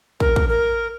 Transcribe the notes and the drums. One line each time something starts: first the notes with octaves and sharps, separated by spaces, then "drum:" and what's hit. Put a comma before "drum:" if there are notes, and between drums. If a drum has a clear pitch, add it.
A#4, drum: kick
drum: kick
A#4